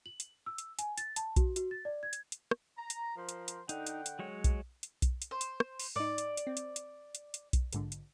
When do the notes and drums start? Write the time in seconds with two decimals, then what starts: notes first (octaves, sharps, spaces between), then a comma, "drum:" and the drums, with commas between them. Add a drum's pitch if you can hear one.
0.06 F#7
0.20 drum: hi-hat
0.46 E6
0.58 drum: hi-hat
0.79 G#5, drum: hi-hat
0.98 A6, drum: hi-hat
1.16 A5, drum: hi-hat
1.36 F#4, drum: kick B1, hi-hat
1.56 F#4, drum: hi-hat
1.71 A6
1.85 D5
2.03 G#6
2.13 drum: hi-hat
2.32 drum: hi-hat
2.51 drum: rim click
2.78 A#5
2.90 drum: hi-hat
3.17 F3 A#4 C5
3.29 drum: hi-hat
3.48 drum: hi-hat
3.69 D3 D#4 F#5 G5, drum: hi-hat
3.87 drum: hi-hat
4.06 drum: hi-hat
4.19 F#3 G#3 C#5
4.44 drum: kick B1, hi-hat
4.83 drum: hi-hat
5.02 drum: kick B1, hi-hat
5.22 drum: hi-hat
5.31 C5
5.41 drum: hi-hat
5.60 drum: rim click
5.80 drum: open hi-hat
5.96 G#2 D#4 D5
6.18 drum: hi-hat
6.37 drum: hi-hat
6.47 C4
6.57 drum: hi-hat
6.76 drum: hi-hat
7.15 drum: hi-hat
7.34 drum: hi-hat
7.53 drum: kick B1, hi-hat
7.73 A#1 G#2 D3, drum: hi-hat
7.92 drum: hi-hat